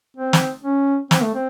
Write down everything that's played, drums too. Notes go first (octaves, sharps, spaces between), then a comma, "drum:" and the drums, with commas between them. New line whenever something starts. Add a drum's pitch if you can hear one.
C4
drum: snare
C#4
C4, drum: snare
A3
C4